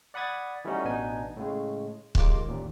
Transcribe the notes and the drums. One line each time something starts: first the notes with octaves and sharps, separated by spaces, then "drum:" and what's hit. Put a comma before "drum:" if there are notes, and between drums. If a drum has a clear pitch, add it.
D5 F#5 B5 D#6 G#6 A6
E3 G3 A3 C#4 D#4 F#4
A1 B2 B3 D4 D#4 G#5
A2 C#3 G#3
D#2 G#3 A#3 F4 D6, drum: kick C#1
A1 D#2 A#2